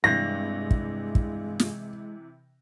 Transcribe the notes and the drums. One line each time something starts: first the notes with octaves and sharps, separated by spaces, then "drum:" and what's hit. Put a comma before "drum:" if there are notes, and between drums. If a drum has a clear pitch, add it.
G2 C3 E3 G#3 A#6
drum: kick
drum: kick
drum: snare